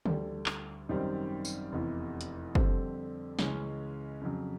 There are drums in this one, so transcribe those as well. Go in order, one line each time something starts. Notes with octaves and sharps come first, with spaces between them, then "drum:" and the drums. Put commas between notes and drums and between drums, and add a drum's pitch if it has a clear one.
D2 D3 G3, drum: tom D3
drum: clap
G#1 F#2 D#3 G3 C4
drum: tambourine
F1 E2 C3 E3
drum: hi-hat
F2 D3 G3 C4, drum: kick
C#2 C#3 E3 G#3 C#4, drum: snare
F2 C#3 F#3